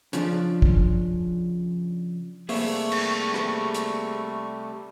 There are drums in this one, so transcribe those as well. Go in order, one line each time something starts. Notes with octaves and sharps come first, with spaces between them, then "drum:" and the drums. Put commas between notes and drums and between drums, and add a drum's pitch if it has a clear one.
C#3 F3 C#4 D4, drum: hi-hat
drum: kick
C3 G3 A3 A#3 G#4 C5 E5 C#6, drum: open hi-hat
drum: cymbal
drum: rim click
drum: hi-hat